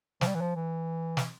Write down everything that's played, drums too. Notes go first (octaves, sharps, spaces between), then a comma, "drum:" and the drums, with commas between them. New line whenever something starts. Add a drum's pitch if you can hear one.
F3, drum: snare
G3
E3
F3
E3
drum: snare